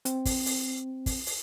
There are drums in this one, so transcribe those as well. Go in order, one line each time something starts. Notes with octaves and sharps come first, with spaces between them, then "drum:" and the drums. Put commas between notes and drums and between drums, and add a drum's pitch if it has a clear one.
C4, drum: hi-hat
drum: kick, open hi-hat
drum: open hi-hat
drum: kick, open hi-hat
drum: open hi-hat